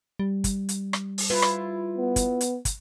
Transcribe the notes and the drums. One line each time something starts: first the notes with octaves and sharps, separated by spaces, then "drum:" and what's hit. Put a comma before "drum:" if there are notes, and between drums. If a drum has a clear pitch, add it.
G3
drum: kick, hi-hat
drum: hi-hat
drum: rim click
drum: open hi-hat
E4 F4 B4
drum: rim click
B3
drum: kick, hi-hat
drum: hi-hat
drum: kick, hi-hat